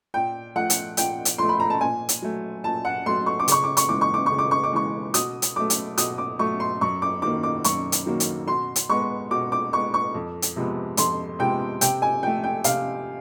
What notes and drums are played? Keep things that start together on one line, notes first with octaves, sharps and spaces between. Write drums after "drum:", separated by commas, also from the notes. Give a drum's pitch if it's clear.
A#2 G5
F3 A3 F#5
drum: hi-hat
A#2 G5, drum: hi-hat
drum: hi-hat
F3 A3 C6
B5
A#5
A5
A#2 G#5
drum: hi-hat
F#3 A3
A#2 A5
F#5
F#3 A3 C6
C#6
D6
C#3 C#6, drum: hi-hat
D6
C#6, drum: hi-hat
E3 G#3 D6
C#6
D6
C#3 C#6
D6
C#6
D6
E3 G#3 C#6
B2 D#6, drum: hi-hat
drum: hi-hat
F#3 A3 D6
drum: hi-hat
B2 D#6, drum: hi-hat
D6
F#3 A3 C#6
C6
F#2 C#6
D6
D#3 F#3 A#3 D6
D6
F#2 C#6, drum: hi-hat
drum: hi-hat
D#3 F#3 A#3
drum: hi-hat
B2 C6
drum: hi-hat
G#3 B3 C#6
B2 D6
D6
G#3 B3 C#6
C#6
F2
drum: hi-hat
C3 F3 G#3 B3
F2 C6, drum: hi-hat
C3 F3 G#3 B3 G5
C3 G5, drum: hi-hat
G#5
F3 A3 G5
G5
C3 F5, drum: hi-hat